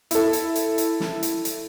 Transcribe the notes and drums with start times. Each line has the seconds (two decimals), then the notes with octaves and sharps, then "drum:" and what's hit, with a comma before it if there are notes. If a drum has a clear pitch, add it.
0.11 E4 A4, drum: hi-hat
0.33 drum: hi-hat
0.56 drum: hi-hat
0.78 drum: hi-hat
1.00 drum: snare
1.23 drum: hi-hat
1.45 drum: hi-hat